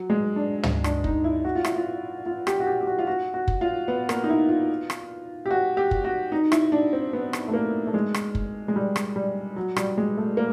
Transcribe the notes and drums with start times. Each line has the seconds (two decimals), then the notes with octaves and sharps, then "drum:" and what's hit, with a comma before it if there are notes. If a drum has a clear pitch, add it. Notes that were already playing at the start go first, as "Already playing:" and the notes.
Already playing: F#3
0.10 G#3
0.36 D4
0.63 drum: tom
0.84 D4, drum: rim click
1.04 D#4, drum: kick
1.24 E4
1.45 F#4
1.55 F4
1.65 E4, drum: rim click
1.76 F4
2.26 F4
2.47 G4, drum: rim click
2.60 F#4
2.67 G4
2.81 G4
2.87 F#4
2.99 F4
3.07 F#4
3.34 F#4
3.48 drum: kick
3.61 F4
3.88 B3
4.09 A#3, drum: rim click
4.24 D#4
4.29 E4
4.49 F4
4.90 drum: rim click
5.46 G4
5.51 F#4
5.77 G4
5.91 drum: kick
6.04 F#4
6.32 D#4
6.52 E4, drum: rim click
6.72 D4
6.93 C4
7.13 B3
7.33 drum: rim click
7.48 A3
7.54 A#3
7.87 A3
7.94 G#3
8.14 drum: rim click
8.35 drum: kick
8.68 G#3
8.76 G3
8.96 drum: rim click
9.16 G3
9.56 F#3
9.76 G3, drum: rim click
9.97 G#3
10.17 A3
10.37 A#3